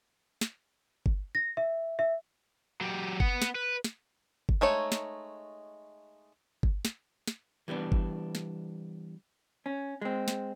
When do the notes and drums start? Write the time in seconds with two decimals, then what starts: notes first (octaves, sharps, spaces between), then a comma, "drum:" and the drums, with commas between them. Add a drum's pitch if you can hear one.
0.41 drum: snare
1.06 drum: kick G1
1.35 A#6
1.57 E5
1.99 E5
2.81 F#3 G4
3.20 B3 F#5, drum: kick G1
3.42 drum: snare
3.55 B4
3.84 drum: snare
4.49 drum: kick G1
4.61 G#3 A3 D#4 C#5
4.92 drum: snare
6.63 drum: kick G1
6.85 drum: snare
7.28 drum: snare
7.68 E3 G3 B3 D4
7.92 drum: kick G1
8.35 drum: snare
9.66 C#4
10.02 G#3 C4
10.28 drum: snare